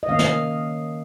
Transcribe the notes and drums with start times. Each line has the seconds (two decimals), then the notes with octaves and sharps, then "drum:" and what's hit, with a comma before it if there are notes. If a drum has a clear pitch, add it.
0.03 D#5
0.08 D#3 A#3 C#4 F5
0.19 drum: snare